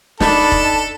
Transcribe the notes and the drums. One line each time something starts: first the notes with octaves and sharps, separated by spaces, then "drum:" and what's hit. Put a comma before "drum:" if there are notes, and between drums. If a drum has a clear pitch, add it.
D4 D#4 A4 A5 B5, drum: snare
drum: kick F1